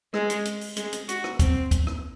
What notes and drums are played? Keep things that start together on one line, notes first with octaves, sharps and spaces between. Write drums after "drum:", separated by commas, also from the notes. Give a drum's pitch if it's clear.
G#3, drum: rim click
drum: hi-hat
drum: hi-hat
drum: open hi-hat
G#3, drum: hi-hat
drum: hi-hat
F#4, drum: hi-hat
drum: rim click
C4, drum: kick, hi-hat
drum: kick, hi-hat
drum: rim click